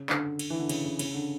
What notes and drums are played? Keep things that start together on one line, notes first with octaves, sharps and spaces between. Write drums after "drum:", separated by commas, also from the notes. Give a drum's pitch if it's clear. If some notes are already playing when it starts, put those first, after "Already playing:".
Already playing: C#3
D3, drum: clap
drum: cymbal
E3
D3
C#3, drum: cymbal
C#3
C#3, drum: cymbal
D3